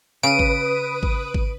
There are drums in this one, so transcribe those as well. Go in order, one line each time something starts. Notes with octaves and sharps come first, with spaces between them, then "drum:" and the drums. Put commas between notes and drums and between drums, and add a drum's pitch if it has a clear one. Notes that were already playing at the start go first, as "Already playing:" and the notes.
C#3 B4 D#6 D7 D#7
drum: kick G#1
drum: kick G#1
drum: kick G#1